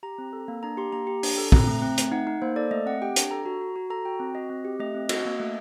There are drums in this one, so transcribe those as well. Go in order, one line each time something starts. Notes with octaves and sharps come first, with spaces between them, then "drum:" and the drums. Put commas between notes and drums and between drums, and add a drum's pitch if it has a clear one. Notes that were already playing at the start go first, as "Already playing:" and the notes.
G4 A#5
C4
A4
A#3
D4 A#5
G4 C6
A#3 A#5
G4
D4, drum: open hi-hat
A4
C4 A#5, drum: kick
A3
C4
A3, drum: hi-hat
D#4 F#5
D#4
A#3 C5
A4 D5
A3 D#5
C4 F#5
G4 G5
D4, drum: hi-hat
A4 A#5
F#4
F#4
F#4
A4 A#5
F#4 G5
C4
F#4 D#5
C4
G4
A3 D#5
C4
F#4 D#5, drum: cymbal
A#3
A3